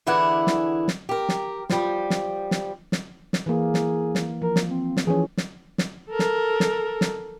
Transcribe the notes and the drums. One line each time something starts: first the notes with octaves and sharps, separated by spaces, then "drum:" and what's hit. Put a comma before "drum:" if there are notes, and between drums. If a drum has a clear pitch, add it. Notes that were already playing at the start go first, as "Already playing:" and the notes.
D3 E3 E4 G#4 D5 F#5
drum: snare
drum: snare
G4 A#4
drum: snare
F3 G3, drum: snare
drum: snare
drum: snare
drum: snare
drum: snare
E3 A#3 G#4
drum: snare
drum: snare
F3 A#4
drum: snare
C4
drum: snare
E3 F3 C#4 G#4
drum: snare
drum: snare
A4 A#4
drum: snare
drum: snare
drum: snare